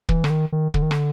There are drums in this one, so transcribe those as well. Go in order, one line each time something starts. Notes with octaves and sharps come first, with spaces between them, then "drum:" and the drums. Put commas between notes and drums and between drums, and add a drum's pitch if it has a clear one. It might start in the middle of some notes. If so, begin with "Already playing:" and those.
E3, drum: kick
D3, drum: rim click
D#3
D#3
D3, drum: kick
D#3
D3, drum: rim click